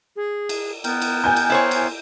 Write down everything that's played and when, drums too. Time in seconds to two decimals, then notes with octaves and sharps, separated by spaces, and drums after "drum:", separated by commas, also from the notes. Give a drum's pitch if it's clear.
0.16 G#4
0.49 drum: cymbal
0.84 B3 A#4 G5, drum: cymbal
1.02 drum: cymbal
1.24 G#5 G6
1.36 drum: cymbal
1.50 E4 C5 C#5
1.71 drum: cymbal